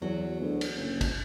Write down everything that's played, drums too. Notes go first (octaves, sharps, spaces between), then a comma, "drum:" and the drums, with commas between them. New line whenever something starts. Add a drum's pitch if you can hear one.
E2 F#3
D2
drum: cymbal
F#1
drum: kick, cymbal